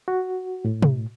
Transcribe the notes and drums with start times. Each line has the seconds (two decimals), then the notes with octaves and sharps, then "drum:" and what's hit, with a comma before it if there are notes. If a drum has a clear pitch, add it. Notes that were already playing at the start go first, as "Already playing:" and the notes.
0.08 F#4
0.65 A2
0.82 drum: tom